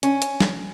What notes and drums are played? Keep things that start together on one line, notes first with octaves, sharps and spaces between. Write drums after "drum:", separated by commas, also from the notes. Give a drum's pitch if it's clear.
C#4, drum: hi-hat
drum: hi-hat
drum: snare